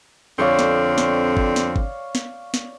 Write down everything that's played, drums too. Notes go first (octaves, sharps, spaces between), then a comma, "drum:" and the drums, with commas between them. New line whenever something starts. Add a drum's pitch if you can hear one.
F2 D3 C4 C#5 D5 F5
drum: snare
drum: snare
drum: kick G1
drum: snare
drum: kick G1
drum: snare
drum: snare